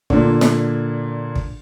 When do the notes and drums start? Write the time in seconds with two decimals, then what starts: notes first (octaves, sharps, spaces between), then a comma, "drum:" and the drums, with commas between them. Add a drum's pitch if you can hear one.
0.10 A#2 D3, drum: kick
0.41 drum: snare
1.35 drum: kick